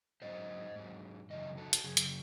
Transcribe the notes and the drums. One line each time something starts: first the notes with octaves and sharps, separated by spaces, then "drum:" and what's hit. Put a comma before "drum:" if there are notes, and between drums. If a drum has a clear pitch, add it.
G#2 F#3 C5 D#5
G#2 F#3
F#2 C#3 E3 D#5
F#4 A4
drum: hi-hat
F#2 C#3 G#4
drum: hi-hat